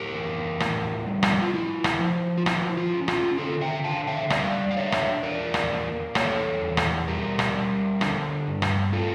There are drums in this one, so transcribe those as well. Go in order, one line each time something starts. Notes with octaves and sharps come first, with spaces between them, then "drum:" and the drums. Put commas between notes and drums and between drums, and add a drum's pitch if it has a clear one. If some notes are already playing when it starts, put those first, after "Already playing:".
Already playing: A2 G4 A#4
E3
A2, drum: rim click
G3
drum: rim click
F4
F3 E4
drum: rim click
F3
F4
F3 E4, drum: rim click
F4
C#4
F4, drum: rim click
D3 F4 A4
E5 G5
D3 F5 A5
E5 G5
G3 D5 F5, drum: rim click
F5
D4 C#5 E5
drum: rim click
E2 A#4 D5
drum: rim click
A#3
E2 A4 C#5, drum: rim click
E2
drum: rim click
G3 G4 A#4
drum: rim click
G3
D3, drum: rim click
G2
drum: rim click
A3 F4 A4